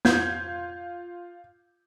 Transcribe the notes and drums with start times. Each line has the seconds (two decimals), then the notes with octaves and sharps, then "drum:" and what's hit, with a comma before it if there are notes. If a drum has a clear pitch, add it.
0.05 F4 G6 G#6, drum: snare